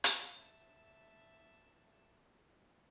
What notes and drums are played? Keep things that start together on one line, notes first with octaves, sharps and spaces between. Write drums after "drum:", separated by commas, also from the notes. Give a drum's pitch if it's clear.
drum: hi-hat
E5 A5